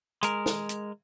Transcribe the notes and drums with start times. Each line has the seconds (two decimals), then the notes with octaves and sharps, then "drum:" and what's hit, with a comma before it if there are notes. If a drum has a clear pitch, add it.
0.23 G#3 A#4, drum: hi-hat
0.46 drum: snare
0.69 drum: hi-hat